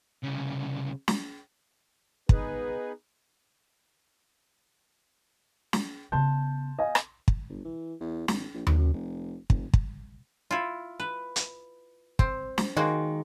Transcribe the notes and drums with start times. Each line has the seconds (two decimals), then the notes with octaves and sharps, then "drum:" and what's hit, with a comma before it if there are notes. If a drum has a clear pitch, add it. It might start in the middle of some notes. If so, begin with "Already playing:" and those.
0.24 C2 C#3
1.08 drum: snare
2.29 B3 D#4 G#4 B4, drum: kick
5.73 drum: snare
6.12 C#3 B3 A5 C6 G6
6.79 D#5 F5 G#5
6.95 drum: rim click
7.28 drum: kick
7.49 G1
7.65 E3
8.01 E2
8.28 G#1, drum: snare
8.54 A#1
8.67 B1, drum: tom D#2
8.79 F#2
8.94 F1
9.50 F1, drum: kick
9.73 drum: kick
10.51 E4 F4
11.00 B4
11.36 drum: hi-hat
12.19 C4, drum: kick
12.58 drum: snare
12.77 D#3 G#3 A#3 F#4